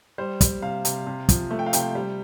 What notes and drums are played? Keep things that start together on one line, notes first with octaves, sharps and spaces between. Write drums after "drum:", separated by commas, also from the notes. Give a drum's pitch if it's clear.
G3 C5
G3, drum: kick, hi-hat
C3 F5
C3, drum: hi-hat
C3
F3, drum: kick, hi-hat
A3
G5
F5
C3 G5, drum: hi-hat
G3